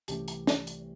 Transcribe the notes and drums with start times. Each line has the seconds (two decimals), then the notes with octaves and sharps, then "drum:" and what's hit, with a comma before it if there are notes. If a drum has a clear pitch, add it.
0.08 C2 C3 E3 A3 C#4 G4, drum: hi-hat
0.28 drum: hi-hat
0.47 drum: snare
0.67 drum: hi-hat